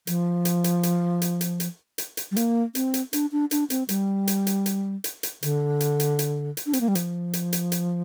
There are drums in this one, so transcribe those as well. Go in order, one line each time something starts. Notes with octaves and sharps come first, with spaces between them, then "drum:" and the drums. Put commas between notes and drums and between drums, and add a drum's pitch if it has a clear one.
F3, drum: hi-hat
drum: hi-hat
drum: hi-hat
drum: hi-hat
drum: hi-hat
drum: hi-hat
drum: hi-hat
drum: hi-hat
drum: hi-hat
G3
A#3, drum: hi-hat
C4, drum: hi-hat
drum: hi-hat
D4, drum: hi-hat
D4
D4, drum: hi-hat
C4, drum: hi-hat
G3, drum: hi-hat
drum: hi-hat
drum: hi-hat
drum: hi-hat
drum: hi-hat
drum: hi-hat
D3, drum: hi-hat
drum: hi-hat
drum: hi-hat
drum: hi-hat
drum: hi-hat
D4
C4, drum: hi-hat
A#3
G3
F3, drum: hi-hat
drum: hi-hat
drum: hi-hat
drum: hi-hat